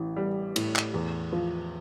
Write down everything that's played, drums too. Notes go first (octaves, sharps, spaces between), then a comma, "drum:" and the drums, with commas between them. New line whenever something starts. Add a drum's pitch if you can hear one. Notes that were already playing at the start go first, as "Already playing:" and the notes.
Already playing: A1 E3
G3
A2, drum: cymbal
drum: clap
E2
F3